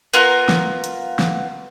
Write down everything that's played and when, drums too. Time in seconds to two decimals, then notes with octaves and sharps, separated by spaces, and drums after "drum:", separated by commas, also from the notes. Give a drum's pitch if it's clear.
0.14 B3 F4 A#4, drum: hi-hat
0.49 drum: snare
0.84 drum: hi-hat
1.19 drum: snare